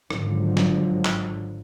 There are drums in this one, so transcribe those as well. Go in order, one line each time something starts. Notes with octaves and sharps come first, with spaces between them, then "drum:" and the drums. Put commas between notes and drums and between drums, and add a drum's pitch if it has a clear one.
G#1 G#2 D3 F3 F#3, drum: rim click
drum: snare
drum: clap